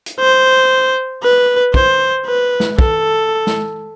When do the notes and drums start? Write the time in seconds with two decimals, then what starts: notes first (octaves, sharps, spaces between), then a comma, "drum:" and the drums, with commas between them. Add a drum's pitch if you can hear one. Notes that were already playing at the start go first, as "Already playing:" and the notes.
0.06 drum: hi-hat
0.20 C5
1.23 B4
1.74 C5, drum: kick
2.26 B4
2.60 drum: snare
2.79 A4, drum: kick
3.47 drum: snare